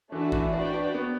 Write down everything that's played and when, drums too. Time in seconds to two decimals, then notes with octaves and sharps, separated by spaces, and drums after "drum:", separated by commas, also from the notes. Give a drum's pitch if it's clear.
0.12 E3 A3 D4 F#4
0.32 E3, drum: kick A1
0.53 D4 F#4 B4 D5 G5
0.73 D4
0.94 B3